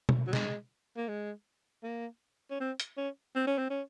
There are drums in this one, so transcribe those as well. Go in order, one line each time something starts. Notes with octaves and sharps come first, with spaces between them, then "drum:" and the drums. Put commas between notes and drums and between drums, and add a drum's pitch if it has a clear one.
drum: tom B2
F#3
G#3, drum: snare
A#3
G#3
A#3
C#4
C4
drum: hi-hat
C#4
C4
C#4
C4
C#4